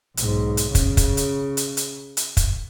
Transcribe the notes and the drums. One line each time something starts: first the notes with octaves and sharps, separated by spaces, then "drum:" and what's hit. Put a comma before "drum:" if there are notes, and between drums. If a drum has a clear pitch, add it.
B1 G#2, drum: hi-hat
drum: hi-hat
C#3, drum: kick, hi-hat
drum: kick, hi-hat
drum: hi-hat
drum: hi-hat
drum: hi-hat
drum: hi-hat
drum: kick, hi-hat